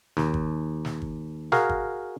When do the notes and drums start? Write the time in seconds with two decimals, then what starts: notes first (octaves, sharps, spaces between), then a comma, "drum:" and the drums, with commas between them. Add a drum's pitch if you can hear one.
0.17 D#2, drum: snare
0.34 drum: kick G1
0.85 drum: snare
1.02 drum: kick G1
1.52 F#4 G#4 A#4 F5, drum: snare
1.69 drum: kick G1